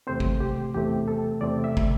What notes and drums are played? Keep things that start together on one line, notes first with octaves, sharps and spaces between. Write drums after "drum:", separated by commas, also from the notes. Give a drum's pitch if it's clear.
E2 C3 A3 C4 C5
drum: kick
G4
E2 C3 A3 C4 G4
A4
E2 C3 A3 C4 D5
E5
drum: kick